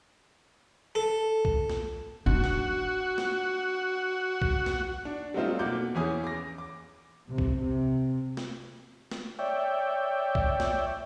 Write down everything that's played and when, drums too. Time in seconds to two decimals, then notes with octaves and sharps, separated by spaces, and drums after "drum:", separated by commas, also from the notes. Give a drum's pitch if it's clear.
0.95 A4
1.45 drum: kick B1
1.70 drum: snare
2.26 D4 F#4
2.44 drum: snare
3.18 drum: snare
4.42 drum: kick B1
4.66 drum: snare
5.05 D4
5.34 F#3 G3 A3 C4 D#4 F4
5.59 B2 A#3 F#5 D6 G6
5.95 E2 E3 C#4 G#4 G#5 D#6
6.24 D6 A#6
6.58 D6
7.28 C3
7.38 drum: kick B1
7.58 C3
8.37 drum: snare
9.11 drum: snare
9.39 C#5 D5 E5 G5
10.35 drum: kick B1
10.60 drum: snare